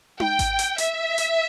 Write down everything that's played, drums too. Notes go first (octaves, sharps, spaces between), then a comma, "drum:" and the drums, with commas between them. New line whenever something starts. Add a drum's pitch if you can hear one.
G5, drum: tom D#4
drum: kick G#1, hi-hat
drum: hi-hat
E5, drum: hi-hat
drum: hi-hat